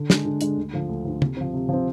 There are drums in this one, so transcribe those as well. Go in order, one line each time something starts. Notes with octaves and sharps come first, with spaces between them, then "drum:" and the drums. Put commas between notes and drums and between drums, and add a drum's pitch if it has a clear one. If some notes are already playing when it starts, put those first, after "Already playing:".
Already playing: D3
G#3 D4, drum: snare
D3
G#3 D4, drum: hi-hat
D2
D3 F3
D2
D3 F3
C3, drum: tom
F3 C4
C3
F3 C4